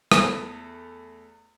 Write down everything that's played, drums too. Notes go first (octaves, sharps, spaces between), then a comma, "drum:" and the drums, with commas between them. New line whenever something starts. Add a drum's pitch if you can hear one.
E2 A3, drum: rim click